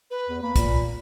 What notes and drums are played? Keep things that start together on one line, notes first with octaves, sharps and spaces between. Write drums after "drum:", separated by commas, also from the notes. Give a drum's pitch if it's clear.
B4
E2
A#3 B5
A#2, drum: kick, hi-hat